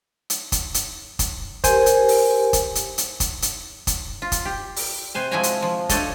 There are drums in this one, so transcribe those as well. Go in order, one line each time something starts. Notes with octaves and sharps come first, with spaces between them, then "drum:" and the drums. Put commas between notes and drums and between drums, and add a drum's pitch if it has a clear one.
drum: hi-hat
drum: kick, hi-hat
drum: hi-hat
drum: kick, hi-hat
G4 A#4 C5 G#5, drum: kick, hi-hat
drum: hi-hat
drum: open hi-hat
drum: kick, hi-hat
drum: hi-hat
drum: hi-hat
drum: kick, hi-hat
drum: hi-hat
drum: kick, hi-hat
F4
drum: kick, hi-hat
G4
drum: open hi-hat
C3 B4 C5 G#5
F3 G#3 E4 F#4 G#5 A#5
drum: hi-hat
F3
F3 A3 D4 A4 C#5 D#5, drum: kick, hi-hat